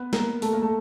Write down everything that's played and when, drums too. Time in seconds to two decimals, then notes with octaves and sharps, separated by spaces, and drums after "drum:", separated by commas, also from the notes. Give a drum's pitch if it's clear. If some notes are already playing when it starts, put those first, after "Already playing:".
Already playing: B3 B4
0.13 A#3 A#4, drum: snare
0.42 A3 A4, drum: open hi-hat
0.53 A#3 A#4
0.62 A3 A4